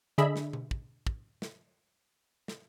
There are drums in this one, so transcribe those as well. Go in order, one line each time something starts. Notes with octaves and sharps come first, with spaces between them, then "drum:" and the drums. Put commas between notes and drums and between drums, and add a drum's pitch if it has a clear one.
D3 D4 G#4 D#5 E5 B5
drum: snare
drum: tom B2
drum: kick
drum: kick
drum: snare
drum: snare